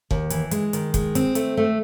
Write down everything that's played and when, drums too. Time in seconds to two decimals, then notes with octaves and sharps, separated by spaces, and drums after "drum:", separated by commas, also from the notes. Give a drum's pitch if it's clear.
0.11 D#2, drum: kick
0.30 E3, drum: hi-hat
0.51 G#3, drum: hi-hat
0.73 D#3, drum: hi-hat
0.94 G#3, drum: kick, hi-hat
1.15 C4, drum: hi-hat
1.35 A3, drum: hi-hat
1.57 A3